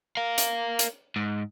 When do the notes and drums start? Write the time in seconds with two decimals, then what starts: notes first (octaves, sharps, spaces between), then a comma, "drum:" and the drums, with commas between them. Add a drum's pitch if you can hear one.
0.17 A#4 F5
0.38 drum: hi-hat
0.79 drum: hi-hat
1.16 G#2